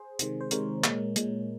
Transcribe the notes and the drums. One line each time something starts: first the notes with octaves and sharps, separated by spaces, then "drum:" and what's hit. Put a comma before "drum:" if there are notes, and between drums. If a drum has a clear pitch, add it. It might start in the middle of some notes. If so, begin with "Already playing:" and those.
Already playing: G#4 C5
C3 D#3 G#3, drum: hi-hat
C5
C3 D#3 G#3 A#4 C#5, drum: hi-hat
A#2 G#3, drum: clap
A#2 G#3, drum: hi-hat